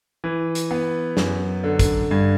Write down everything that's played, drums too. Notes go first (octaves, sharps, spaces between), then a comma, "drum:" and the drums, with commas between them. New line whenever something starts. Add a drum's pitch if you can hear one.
E3
drum: hi-hat
B3
F#2, drum: snare
D3
drum: kick, hi-hat
G2